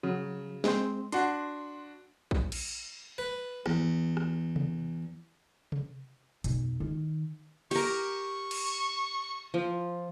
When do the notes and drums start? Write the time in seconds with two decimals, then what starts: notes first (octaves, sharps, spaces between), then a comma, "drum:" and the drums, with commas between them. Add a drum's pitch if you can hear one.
0.03 C#3 F#3
0.64 G#3 C4 C5, drum: snare
1.12 D4 F#4 C6, drum: hi-hat
2.31 drum: kick
2.52 drum: cymbal
3.18 B4
3.66 E2, drum: rim click
4.17 drum: rim click
4.56 drum: tom C3
5.72 drum: tom C3
6.44 B1 F2, drum: hi-hat
6.80 D#3
7.71 G4 A#4 C#6, drum: cymbal
8.51 drum: cymbal
9.54 F3